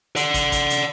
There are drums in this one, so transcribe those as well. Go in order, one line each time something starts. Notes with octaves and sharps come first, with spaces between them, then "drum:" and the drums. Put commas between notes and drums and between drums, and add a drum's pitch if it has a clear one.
D5 F#5, drum: hi-hat
drum: kick, hi-hat
drum: kick, hi-hat
drum: hi-hat